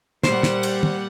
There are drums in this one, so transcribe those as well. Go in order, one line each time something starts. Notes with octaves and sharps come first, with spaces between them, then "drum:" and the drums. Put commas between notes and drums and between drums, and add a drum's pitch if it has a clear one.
A#2 G3 C5 F#5, drum: snare
drum: snare
drum: cymbal
drum: tom